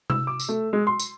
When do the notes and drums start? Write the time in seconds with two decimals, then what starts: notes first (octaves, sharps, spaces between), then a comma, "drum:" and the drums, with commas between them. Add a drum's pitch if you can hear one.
0.10 E6, drum: tom C3
0.27 D6
0.40 drum: tambourine
0.49 A3
0.73 G#3
0.87 C6
1.00 drum: tambourine